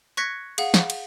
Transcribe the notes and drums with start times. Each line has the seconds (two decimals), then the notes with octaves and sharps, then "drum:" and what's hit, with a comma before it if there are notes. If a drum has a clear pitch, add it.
0.17 C#6 F#6 G#6 A#6 B6 C#7
0.58 G#4 F5 F#5, drum: cymbal
0.74 drum: snare
0.90 drum: cymbal